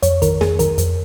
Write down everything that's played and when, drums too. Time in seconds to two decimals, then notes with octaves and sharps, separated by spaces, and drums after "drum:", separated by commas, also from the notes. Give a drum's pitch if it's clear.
0.03 F2 C#5, drum: hi-hat
0.22 D#3 A#4, drum: kick, hi-hat
0.41 F2 G#4, drum: snare
0.59 D#3 A#4, drum: kick, hi-hat
0.78 F2, drum: hi-hat